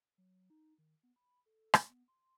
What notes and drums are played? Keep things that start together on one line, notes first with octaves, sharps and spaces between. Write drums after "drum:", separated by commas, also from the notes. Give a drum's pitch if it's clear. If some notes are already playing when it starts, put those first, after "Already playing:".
F#3
D#4
D#3
B3
B5
A4
A3, drum: rim click
B3
C6